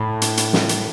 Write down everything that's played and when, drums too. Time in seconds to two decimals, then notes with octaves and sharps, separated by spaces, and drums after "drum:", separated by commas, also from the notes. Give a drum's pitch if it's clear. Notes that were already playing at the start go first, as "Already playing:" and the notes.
Already playing: A2
0.22 drum: hi-hat
0.37 drum: hi-hat
0.53 drum: snare
0.69 drum: hi-hat